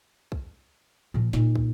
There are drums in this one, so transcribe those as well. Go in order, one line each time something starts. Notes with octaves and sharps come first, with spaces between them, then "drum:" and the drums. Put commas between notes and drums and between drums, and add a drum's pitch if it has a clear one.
drum: kick
A#2 F3
A#2 D#4, drum: snare
drum: kick